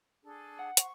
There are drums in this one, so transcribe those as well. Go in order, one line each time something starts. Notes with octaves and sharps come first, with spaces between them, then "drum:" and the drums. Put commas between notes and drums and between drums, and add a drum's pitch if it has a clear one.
D4 G#4 A4
F#5
C5 C#6, drum: hi-hat